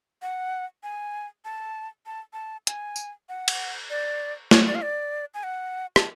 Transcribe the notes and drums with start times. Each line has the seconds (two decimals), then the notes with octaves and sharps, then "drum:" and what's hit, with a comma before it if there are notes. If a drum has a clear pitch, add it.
0.22 F#5
0.83 G#5
1.45 A5
2.06 A5
2.33 A5
2.67 G#5, drum: hi-hat
2.96 drum: tambourine
3.29 F#5
3.48 drum: cymbal
3.90 D5
4.51 C#5, drum: snare
4.66 D5
4.75 F5
4.82 D5
5.34 G#5
5.43 F#5
5.96 A5, drum: rim click